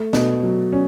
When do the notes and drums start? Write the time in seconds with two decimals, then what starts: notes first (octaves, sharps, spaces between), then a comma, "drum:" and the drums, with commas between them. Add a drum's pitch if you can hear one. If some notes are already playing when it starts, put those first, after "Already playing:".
Already playing: A3
0.13 B2, drum: snare
0.43 F#3
0.72 C#4